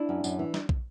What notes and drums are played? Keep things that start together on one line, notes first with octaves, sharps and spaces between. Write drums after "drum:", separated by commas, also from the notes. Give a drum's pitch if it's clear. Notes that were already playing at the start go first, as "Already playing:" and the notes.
Already playing: D4 E4
F#2
F#2, drum: tambourine
E3
drum: snare
drum: kick